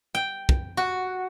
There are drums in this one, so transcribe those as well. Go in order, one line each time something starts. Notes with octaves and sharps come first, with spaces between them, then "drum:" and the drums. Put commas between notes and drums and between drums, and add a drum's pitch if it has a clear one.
G5
drum: kick
F#4